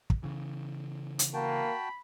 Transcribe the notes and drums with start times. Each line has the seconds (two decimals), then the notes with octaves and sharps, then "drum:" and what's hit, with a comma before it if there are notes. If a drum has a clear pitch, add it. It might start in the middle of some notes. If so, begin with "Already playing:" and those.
0.10 drum: kick
0.23 C#3 E3
1.19 drum: hi-hat
1.34 A#3 F#4 G5 A5 B5